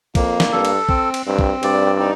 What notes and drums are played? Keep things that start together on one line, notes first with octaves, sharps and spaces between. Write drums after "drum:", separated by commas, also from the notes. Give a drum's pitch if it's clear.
F2 A#3, drum: kick, cymbal
drum: snare
G2 A4
drum: cymbal
C4, drum: kick
drum: cymbal
G2 C4
drum: kick
G2 D5, drum: cymbal
D#4